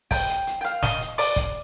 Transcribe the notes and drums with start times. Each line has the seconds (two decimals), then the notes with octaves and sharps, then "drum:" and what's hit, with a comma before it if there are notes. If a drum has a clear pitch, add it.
0.11 G5, drum: kick, open hi-hat
0.29 drum: hi-hat
0.47 drum: hi-hat
0.61 G5
0.64 F5, drum: hi-hat
0.83 D#5, drum: snare
1.01 drum: hi-hat
1.18 D5, drum: open hi-hat
1.36 drum: kick, hi-hat